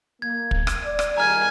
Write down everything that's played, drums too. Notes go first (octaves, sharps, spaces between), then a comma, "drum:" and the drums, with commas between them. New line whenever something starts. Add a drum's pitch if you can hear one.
A#3 G#6
drum: kick
drum: rim click
D5
drum: rim click
G2 D#3 G#4 G#5 A#5 F6 G#6